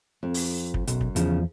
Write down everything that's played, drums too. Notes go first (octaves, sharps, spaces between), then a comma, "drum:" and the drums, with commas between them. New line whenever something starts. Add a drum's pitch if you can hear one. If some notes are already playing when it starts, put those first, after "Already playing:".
F2
drum: open hi-hat
drum: kick
B1 F#2, drum: hi-hat
drum: kick
E2 C#3 F3, drum: hi-hat